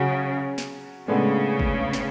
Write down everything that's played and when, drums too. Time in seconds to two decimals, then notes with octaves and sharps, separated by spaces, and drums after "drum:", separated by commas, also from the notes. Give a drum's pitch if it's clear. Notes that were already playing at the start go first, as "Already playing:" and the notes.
Already playing: C#3 F#3 C#4 F#4 C#5
0.58 drum: snare
1.08 A2 C#3 G#3 B3 D4 A4
1.60 drum: kick
1.93 drum: snare